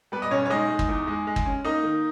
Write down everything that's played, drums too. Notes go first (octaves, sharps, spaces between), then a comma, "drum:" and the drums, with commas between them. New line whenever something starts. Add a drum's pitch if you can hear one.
G3 B3 B4
D#5
B1 C#4 C#5
C#5
G#3 D#4 D#5
G#3
drum: kick
E2
G#3
G#3
drum: kick
C#4
A#3 D#4 D#5
D#3